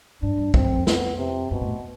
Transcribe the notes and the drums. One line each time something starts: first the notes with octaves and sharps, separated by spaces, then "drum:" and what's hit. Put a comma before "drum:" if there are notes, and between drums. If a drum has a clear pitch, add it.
G2 D4
G2
G2 C4, drum: kick
F2
F2
B3, drum: snare
C3
G2 B2
A2